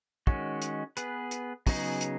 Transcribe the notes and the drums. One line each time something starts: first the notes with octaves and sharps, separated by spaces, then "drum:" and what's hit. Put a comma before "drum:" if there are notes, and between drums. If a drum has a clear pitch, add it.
D#3 G#3 C#4 F#4, drum: kick
drum: hi-hat
B3 G#4 B4, drum: hi-hat
drum: hi-hat
C#3 F#3 B3 D#4 G#4, drum: kick, open hi-hat
drum: hi-hat